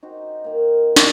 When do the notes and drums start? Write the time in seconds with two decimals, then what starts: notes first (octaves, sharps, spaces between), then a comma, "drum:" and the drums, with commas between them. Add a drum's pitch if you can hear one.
0.03 D#4 F#4 G4 C5
0.44 D#3 A#3
0.96 drum: snare